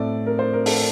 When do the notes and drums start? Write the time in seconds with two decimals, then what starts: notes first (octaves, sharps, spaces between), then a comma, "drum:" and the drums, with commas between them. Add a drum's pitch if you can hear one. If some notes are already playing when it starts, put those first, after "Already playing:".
Already playing: A2 A3 C4 D5
0.26 A#4
0.39 C5
0.53 A#4
0.66 A4, drum: open hi-hat